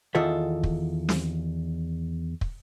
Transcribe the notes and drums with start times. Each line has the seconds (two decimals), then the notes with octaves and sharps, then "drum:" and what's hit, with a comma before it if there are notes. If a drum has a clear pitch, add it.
0.15 E2 D#3 F4 A4 E5 F#5
0.63 drum: kick
1.09 drum: snare
2.41 drum: kick